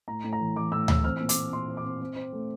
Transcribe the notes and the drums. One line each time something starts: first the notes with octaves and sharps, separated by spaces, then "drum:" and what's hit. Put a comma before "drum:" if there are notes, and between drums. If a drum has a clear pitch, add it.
A2 A#5
A2
A#5
E3
E3 D6
A2 E6
E3 E6, drum: tom D2
C4 F6
A#2 E6
D6, drum: hi-hat
A#2
A#2 C6
C4
D6
C4
C4
C4
A3